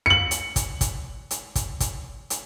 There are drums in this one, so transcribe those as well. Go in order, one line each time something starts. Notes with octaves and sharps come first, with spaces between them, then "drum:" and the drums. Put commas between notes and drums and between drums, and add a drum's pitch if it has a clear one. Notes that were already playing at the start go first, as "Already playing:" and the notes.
C#7 F#7
drum: hi-hat
drum: kick, hi-hat
drum: kick, hi-hat
drum: hi-hat
drum: kick, hi-hat
drum: kick, hi-hat
drum: hi-hat